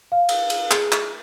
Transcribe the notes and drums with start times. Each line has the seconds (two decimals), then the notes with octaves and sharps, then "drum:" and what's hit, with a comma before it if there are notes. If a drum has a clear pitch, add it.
0.12 F5
0.29 drum: cymbal
0.50 drum: cymbal
0.71 G#4, drum: clap
0.92 drum: clap